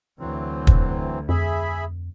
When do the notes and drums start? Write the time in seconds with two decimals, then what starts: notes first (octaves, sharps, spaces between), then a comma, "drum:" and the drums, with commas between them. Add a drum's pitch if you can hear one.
0.20 D2 E3 F#3 C4
0.67 drum: kick
1.29 F2 G#4 E5 B5